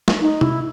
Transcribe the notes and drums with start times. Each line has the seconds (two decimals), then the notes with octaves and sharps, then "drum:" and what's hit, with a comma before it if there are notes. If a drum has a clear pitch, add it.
0.08 drum: snare
0.21 D#4
0.41 E4, drum: tom C3